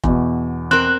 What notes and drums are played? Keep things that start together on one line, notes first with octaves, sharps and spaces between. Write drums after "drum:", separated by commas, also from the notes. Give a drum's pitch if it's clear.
E2 B2, drum: kick F1
C4 A#4 F#6